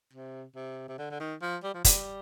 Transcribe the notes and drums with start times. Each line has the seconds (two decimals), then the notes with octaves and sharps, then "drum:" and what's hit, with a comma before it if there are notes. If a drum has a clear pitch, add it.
0.13 C3
0.56 C3
0.88 C3
0.98 D3
1.11 D3
1.20 D#3
1.42 F3
1.63 G3
1.74 F3
1.85 G3, drum: kick, hi-hat